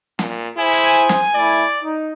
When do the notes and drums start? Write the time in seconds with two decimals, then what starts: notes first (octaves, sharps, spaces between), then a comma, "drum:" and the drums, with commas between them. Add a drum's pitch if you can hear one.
0.19 A#2, drum: snare
0.57 E4 G#4 C5 G#5
0.73 drum: hi-hat
1.09 drum: snare
1.35 A3 E4 D5
1.82 D#4